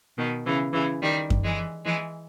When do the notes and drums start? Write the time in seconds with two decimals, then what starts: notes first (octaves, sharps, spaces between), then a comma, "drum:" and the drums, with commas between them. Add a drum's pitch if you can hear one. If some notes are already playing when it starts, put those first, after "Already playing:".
0.17 B2 D#3
0.46 C#3 E3
0.73 C#3 E3
1.01 D#3 G3
1.30 drum: kick F#2
1.43 E3 G#3
1.85 E3 G#3